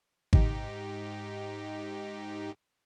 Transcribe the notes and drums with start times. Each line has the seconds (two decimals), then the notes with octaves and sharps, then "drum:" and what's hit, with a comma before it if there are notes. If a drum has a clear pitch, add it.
0.33 G#2 D#4 G4, drum: kick G#1